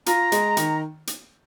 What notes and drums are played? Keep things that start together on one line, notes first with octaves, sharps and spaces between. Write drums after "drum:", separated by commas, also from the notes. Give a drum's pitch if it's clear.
F4 A#5, drum: hi-hat
G#3, drum: hi-hat
D#3, drum: hi-hat
drum: hi-hat